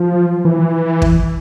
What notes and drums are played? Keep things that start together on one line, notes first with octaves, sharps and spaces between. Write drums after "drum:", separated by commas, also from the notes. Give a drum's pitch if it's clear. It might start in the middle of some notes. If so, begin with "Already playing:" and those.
Already playing: F3
E3
drum: kick